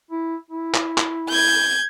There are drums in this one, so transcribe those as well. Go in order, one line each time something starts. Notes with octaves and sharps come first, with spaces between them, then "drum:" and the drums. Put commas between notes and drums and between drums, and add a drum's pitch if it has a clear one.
E4
E4
drum: clap
drum: clap
G6 G#6